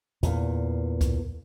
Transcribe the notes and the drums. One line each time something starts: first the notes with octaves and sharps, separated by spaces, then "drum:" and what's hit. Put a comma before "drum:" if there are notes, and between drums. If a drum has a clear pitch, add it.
E2 A#2, drum: hi-hat
drum: kick C#2, hi-hat